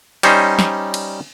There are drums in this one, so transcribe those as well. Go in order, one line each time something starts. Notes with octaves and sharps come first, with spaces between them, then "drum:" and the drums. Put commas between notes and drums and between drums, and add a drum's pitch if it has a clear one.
G3 C#4 D#4 C5, drum: cymbal
drum: snare
drum: cymbal